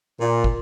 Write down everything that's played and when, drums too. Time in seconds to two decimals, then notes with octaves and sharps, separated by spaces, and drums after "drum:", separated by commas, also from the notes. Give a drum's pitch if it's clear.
0.20 A#2
0.44 drum: kick